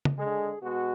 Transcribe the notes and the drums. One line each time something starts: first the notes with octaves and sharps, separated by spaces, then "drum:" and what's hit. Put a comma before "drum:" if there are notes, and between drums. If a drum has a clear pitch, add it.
drum: tom
D3 G#3 G#4
B2 G#3 F#4